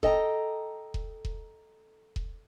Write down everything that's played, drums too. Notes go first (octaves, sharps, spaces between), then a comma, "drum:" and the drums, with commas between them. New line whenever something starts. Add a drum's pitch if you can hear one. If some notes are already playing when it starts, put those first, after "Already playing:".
A4 D#5 G5 A#5, drum: kick E1
drum: kick E1
drum: kick E1
drum: kick E1